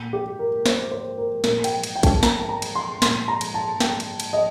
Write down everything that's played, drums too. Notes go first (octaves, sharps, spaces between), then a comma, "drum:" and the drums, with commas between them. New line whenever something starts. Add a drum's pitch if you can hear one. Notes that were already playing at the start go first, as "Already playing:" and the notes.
Already playing: A#2
G4
A#4
C5, drum: snare
C5
A#4
A#2 A#4, drum: snare
G5, drum: cymbal
drum: cymbal
G5
A5, drum: kick, cymbal
A#5, drum: snare
A5
A#5
drum: cymbal
C6
A#2 C6, drum: snare
A#5
drum: cymbal
A5
G5, drum: snare
drum: cymbal
drum: cymbal
D#5